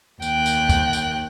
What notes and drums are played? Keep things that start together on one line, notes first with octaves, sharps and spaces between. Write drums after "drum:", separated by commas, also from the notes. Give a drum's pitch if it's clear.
D#2 G5 F#6, drum: tambourine
drum: tambourine
drum: kick, tambourine
drum: tambourine